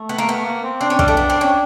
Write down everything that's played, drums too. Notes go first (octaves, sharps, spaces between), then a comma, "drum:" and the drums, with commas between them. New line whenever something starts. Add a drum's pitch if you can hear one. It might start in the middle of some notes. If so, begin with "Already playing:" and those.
Already playing: A3
B3
A#3
B3
A3
A#3
C4
C4 D4
C#4
G3, drum: kick
A3
B3
C4
C#4